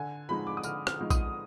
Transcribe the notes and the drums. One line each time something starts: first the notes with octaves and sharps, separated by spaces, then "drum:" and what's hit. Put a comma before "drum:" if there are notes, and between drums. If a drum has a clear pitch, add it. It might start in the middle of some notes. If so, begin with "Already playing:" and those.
Already playing: D3 G#5
F3 G#3 D#4 B5
D6
D#6
D3 F6, drum: tambourine
F6, drum: rim click
F3 G#3 D#4
D#6, drum: kick, tambourine